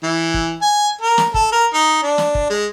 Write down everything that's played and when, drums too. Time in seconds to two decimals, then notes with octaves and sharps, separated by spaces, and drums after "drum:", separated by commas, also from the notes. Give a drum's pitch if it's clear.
0.03 E3
0.34 drum: kick
0.61 G#5
1.01 A#4
1.18 drum: snare
1.34 A4, drum: kick
1.52 A#4
1.74 D#4
2.02 D4
2.18 drum: snare
2.35 drum: kick
2.50 G#3